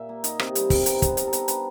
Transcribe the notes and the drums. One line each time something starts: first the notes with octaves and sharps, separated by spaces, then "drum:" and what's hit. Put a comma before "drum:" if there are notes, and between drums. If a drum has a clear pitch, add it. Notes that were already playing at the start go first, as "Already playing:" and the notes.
Already playing: A#2 E5
A#3
D#3 D#5, drum: hi-hat
C3, drum: rim click
G3, drum: hi-hat
C3, drum: kick, open hi-hat
B3 A#4, drum: hi-hat
G3 B4, drum: kick, hi-hat
B3 A#4, drum: hi-hat
A4
B3 A#4, drum: hi-hat
D4 B4, drum: hi-hat